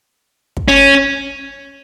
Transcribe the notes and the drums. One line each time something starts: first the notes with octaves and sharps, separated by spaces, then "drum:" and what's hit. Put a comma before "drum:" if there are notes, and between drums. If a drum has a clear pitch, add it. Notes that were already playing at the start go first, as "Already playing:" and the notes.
drum: kick
C#4